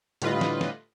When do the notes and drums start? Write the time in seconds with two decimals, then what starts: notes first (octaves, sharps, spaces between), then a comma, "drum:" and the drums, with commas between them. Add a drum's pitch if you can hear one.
0.22 A2 D3 G3 F4 B4 D#5, drum: hi-hat
0.41 drum: snare
0.61 drum: snare